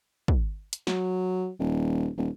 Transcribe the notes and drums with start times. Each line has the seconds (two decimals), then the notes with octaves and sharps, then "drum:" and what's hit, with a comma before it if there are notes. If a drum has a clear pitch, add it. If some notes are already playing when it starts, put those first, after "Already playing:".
0.28 drum: kick
0.73 drum: hi-hat
0.87 F#3, drum: snare
1.59 D#1
2.17 D#1